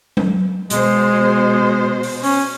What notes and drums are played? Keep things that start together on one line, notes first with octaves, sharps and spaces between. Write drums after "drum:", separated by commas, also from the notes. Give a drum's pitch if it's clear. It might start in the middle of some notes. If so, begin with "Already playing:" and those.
drum: tom F#3
B2 G#3 C5, drum: hi-hat
drum: open hi-hat
C#4, drum: open hi-hat